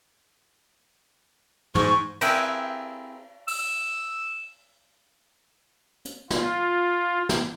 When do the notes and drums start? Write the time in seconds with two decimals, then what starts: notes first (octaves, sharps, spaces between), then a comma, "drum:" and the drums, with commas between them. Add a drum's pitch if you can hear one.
1.75 G#2 C#6, drum: tom
2.21 C4 E4 G4 G#4 A#4 B4, drum: cymbal
3.48 E6, drum: open hi-hat
6.05 drum: hi-hat
6.30 F4, drum: snare
7.29 drum: snare